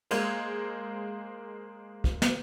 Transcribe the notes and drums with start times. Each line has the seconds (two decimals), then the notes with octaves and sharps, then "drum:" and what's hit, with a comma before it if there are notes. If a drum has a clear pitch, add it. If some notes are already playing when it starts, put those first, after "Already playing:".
0.11 G#3 A#3 C5 G#6, drum: cymbal
2.04 drum: kick
2.22 drum: snare